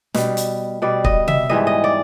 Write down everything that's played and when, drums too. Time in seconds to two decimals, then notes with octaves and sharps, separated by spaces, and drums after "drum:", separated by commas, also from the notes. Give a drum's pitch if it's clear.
0.14 B2 G3, drum: snare
0.37 drum: hi-hat
0.82 B2 G3 D5
1.05 D#5, drum: kick
1.28 E5, drum: tom C3
1.49 G#2 E3 G3 D#5
1.67 D#5
1.84 D5